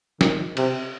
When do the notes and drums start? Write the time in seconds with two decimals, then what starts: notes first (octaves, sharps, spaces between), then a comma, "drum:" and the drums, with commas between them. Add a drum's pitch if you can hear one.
0.21 D#3, drum: snare
0.57 C3, drum: cymbal